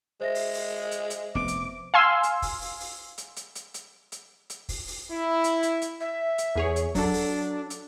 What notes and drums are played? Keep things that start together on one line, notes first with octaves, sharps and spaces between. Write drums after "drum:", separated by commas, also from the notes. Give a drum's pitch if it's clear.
G#3 C5 E5 A#6
drum: open hi-hat
drum: open hi-hat
drum: hi-hat
drum: hi-hat
F1 B3 D6
drum: hi-hat
F5 G#5 C6 E6
drum: hi-hat
drum: kick, open hi-hat
drum: open hi-hat
drum: open hi-hat
drum: hi-hat
drum: hi-hat
drum: hi-hat
drum: hi-hat
drum: hi-hat
drum: hi-hat
drum: kick, open hi-hat
drum: open hi-hat
E4
drum: hi-hat
drum: hi-hat
drum: hi-hat
E5
drum: hi-hat
E2 G#4 C#5
drum: hi-hat
F#3 D4 A4, drum: kick, open hi-hat
drum: open hi-hat
drum: hi-hat